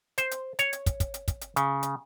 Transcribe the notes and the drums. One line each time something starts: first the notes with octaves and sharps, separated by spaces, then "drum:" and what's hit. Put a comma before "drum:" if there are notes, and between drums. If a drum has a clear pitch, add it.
C5, drum: hi-hat
drum: hi-hat
C#5, drum: hi-hat
drum: hi-hat
drum: kick, hi-hat
drum: kick, hi-hat
drum: hi-hat
drum: kick, hi-hat
drum: hi-hat
C#3, drum: hi-hat
drum: hi-hat